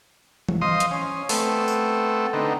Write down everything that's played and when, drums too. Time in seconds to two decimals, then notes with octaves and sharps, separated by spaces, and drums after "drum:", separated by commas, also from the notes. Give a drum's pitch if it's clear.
0.49 drum: tom E3
0.61 C5 D#5 F5 C6 D#6
0.80 drum: hi-hat
0.91 C#4
1.29 A3 B3 C4 A4, drum: open hi-hat
1.68 drum: tambourine
2.33 D3 B3 C4 D#4